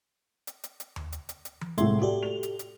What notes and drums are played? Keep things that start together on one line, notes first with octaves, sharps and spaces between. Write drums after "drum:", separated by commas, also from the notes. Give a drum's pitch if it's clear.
drum: hi-hat
drum: hi-hat
drum: hi-hat
drum: tom D#2
drum: hi-hat
drum: hi-hat
drum: hi-hat
drum: tom E3
C2 A2 G#3 E5 C6, drum: hi-hat
F#4 G4 A4 D5
F7
drum: hi-hat
drum: hi-hat